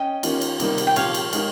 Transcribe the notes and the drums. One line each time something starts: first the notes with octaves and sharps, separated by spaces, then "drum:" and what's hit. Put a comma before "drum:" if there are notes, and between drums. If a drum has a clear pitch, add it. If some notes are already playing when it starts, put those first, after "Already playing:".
Already playing: C#4 D#5 G5
D#3 A#3 C#4 F4, drum: cymbal
drum: cymbal
C3 D#3 G3 A#3 D#4, drum: cymbal
drum: cymbal
G5
A#2 F3 C4 C#5 F5, drum: cymbal
drum: cymbal
G#3 D#4 A#4, drum: cymbal